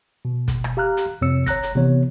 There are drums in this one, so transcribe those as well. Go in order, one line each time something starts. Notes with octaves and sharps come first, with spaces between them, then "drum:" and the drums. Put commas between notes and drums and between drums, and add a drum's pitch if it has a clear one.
B2
drum: kick, hi-hat
drum: rim click
G4 F5 A#5 F6 F#6
drum: hi-hat
F2 C3 C4 C#5 E6 C#7
C#5 A#5 F#6 A#6, drum: kick, hi-hat
drum: hi-hat
C3 E3 B3 C#5